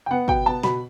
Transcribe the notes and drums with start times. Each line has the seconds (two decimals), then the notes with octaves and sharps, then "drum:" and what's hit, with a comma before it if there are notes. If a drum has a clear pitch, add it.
0.06 G5
0.11 B3 F#5
0.28 B2 G5, drum: kick
0.46 B3 A5
0.63 B2 B5, drum: snare